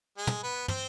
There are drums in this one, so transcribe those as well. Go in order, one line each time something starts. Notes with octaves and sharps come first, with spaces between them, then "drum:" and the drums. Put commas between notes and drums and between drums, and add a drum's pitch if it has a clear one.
G#3 G#4
drum: tom
B3 B4
C4 C5, drum: tom